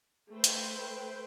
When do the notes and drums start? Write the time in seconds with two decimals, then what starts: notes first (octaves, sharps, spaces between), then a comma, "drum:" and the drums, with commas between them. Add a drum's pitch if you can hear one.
0.33 A3 B4 C5 G5
0.44 drum: hi-hat